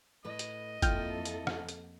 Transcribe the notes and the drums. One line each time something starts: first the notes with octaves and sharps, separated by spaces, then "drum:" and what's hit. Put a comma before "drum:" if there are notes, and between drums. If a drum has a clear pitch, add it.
A2 B4 D#5
drum: hi-hat
F2 A#3 E4 F4 A4 G5 F6 G6, drum: kick, hi-hat
drum: hi-hat
drum: rim click
drum: hi-hat